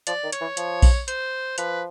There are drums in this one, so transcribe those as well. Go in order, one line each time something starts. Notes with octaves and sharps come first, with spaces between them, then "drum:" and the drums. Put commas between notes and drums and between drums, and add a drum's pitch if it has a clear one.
F3 D5, drum: hi-hat
D#3
C#5, drum: hi-hat
E3
F3, drum: hi-hat
drum: kick A#1, open hi-hat
C5, drum: hi-hat
F3 B4, drum: hi-hat